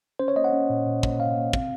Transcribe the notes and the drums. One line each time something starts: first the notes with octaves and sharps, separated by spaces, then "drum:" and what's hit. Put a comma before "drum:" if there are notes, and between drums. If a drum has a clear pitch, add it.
C#4 C5
C#5
A#3 D#5
F#5
C#4
A#2
A#2
A#3, drum: kick
A#2 F5
A#3
C4, drum: kick